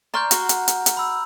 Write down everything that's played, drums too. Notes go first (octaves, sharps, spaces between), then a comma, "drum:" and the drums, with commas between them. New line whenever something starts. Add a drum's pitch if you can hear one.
D5 A#5 C6 C#6 F6 G6
F#4 F#5 C6, drum: hi-hat
drum: hi-hat
drum: hi-hat
drum: hi-hat
B5 E6